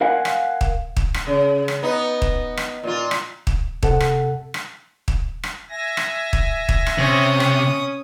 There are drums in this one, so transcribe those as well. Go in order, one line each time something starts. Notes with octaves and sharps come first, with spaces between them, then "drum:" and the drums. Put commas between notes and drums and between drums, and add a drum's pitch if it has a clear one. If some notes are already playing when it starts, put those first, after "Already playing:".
A#4 F5 F#5 G#5
drum: rim click
drum: kick
drum: kick
drum: rim click
C#3
drum: rim click
B3 D#4
drum: kick
drum: rim click
A#2 F4
drum: rim click
drum: kick
C3 A4 F#5, drum: kick
drum: rim click
drum: rim click
drum: kick
drum: rim click
E5 G#5 A#6
drum: rim click
drum: kick
drum: kick
drum: rim click
C3 C#4 D#6
drum: rim click